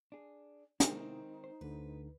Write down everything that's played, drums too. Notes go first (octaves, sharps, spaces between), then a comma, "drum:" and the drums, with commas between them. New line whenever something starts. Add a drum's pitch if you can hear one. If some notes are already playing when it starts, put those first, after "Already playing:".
D4 G#4
C3 D#3 G#3 B3 C4 D#4 E4, drum: hi-hat
C5
D2 D3 B4